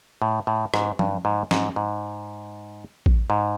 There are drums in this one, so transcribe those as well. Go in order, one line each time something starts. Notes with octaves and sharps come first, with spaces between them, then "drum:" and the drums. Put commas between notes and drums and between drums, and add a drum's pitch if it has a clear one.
A2
A2
G#2, drum: rim click
G2, drum: tom F3
G#2
G#2, drum: snare
G#2
drum: kick A1
G#2